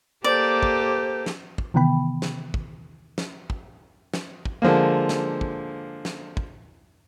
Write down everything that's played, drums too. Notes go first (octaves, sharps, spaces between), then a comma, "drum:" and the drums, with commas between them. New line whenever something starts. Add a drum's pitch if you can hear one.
A#3 G4 A4 C5 D5
drum: kick
drum: snare
drum: kick
C3 D#3 E3 B3 G5 B5
drum: snare
drum: kick
drum: snare
drum: kick
drum: snare
drum: kick
D3 F3 G#3 A#3
drum: snare
drum: kick
drum: snare
drum: kick